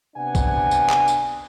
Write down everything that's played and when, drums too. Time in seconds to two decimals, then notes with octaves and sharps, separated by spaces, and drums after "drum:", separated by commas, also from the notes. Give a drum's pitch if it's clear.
0.17 C3 B3 D4 F#5 G#5
0.35 drum: kick, tambourine
0.71 drum: tambourine
0.90 drum: clap
1.08 drum: tambourine